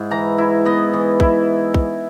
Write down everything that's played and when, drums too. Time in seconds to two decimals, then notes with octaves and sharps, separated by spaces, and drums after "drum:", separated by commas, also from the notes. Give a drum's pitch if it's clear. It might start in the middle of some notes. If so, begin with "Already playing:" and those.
Already playing: G#2 E4
0.11 E3 A#5
0.38 E4
0.65 B3 D#5
0.93 E3
1.20 E4, drum: kick
1.74 drum: kick